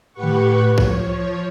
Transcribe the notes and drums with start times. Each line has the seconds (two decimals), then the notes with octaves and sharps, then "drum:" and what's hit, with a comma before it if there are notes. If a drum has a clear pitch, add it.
0.13 A2 G4 B4 F#5 C#6
0.23 drum: tom D3
0.78 F3 C#5, drum: kick B1